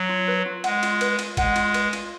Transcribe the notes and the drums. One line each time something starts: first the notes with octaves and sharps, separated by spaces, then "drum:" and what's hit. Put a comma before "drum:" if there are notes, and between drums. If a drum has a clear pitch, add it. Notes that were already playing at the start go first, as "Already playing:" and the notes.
Already playing: F#3
F4
B4
F4
G#3 F#5, drum: cymbal
F4, drum: cymbal
B4, drum: cymbal
F4, drum: cymbal
G#3 F#5, drum: kick A1, cymbal
F4, drum: cymbal
B4, drum: cymbal
F4, drum: cymbal